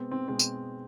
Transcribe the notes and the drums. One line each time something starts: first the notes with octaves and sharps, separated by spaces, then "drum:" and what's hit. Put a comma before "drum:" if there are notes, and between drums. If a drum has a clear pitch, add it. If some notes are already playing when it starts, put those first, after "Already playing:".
Already playing: B2 G#3 B3 C4
C4
B2 G#3 B3 C4
drum: tambourine